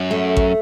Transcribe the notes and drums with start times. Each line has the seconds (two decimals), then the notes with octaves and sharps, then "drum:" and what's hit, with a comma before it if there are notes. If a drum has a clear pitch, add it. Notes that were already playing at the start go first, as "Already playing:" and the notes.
Already playing: F#2
0.11 A3
0.37 drum: kick A1